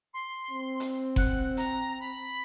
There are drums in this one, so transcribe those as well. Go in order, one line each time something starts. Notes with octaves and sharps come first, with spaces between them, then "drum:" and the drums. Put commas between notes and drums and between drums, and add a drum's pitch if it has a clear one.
C6
C4
drum: hi-hat
F#5, drum: kick F#1
A#5, drum: hi-hat
B5